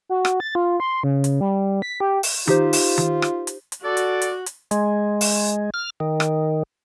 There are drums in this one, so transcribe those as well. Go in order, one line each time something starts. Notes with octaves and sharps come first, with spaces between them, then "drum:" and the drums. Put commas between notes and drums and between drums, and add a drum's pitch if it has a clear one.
F#4
drum: rim click
A6
F4
C6
C#3
drum: hi-hat
G3
B6
G4
drum: open hi-hat
D#4 F4 G4 C5, drum: tom D#3
drum: open hi-hat
drum: tom D#3
drum: rim click
drum: hi-hat
drum: hi-hat
F#4 A4 D5
drum: hi-hat
drum: hi-hat
drum: hi-hat
G#3, drum: hi-hat
drum: open hi-hat
F6
D#3
drum: rim click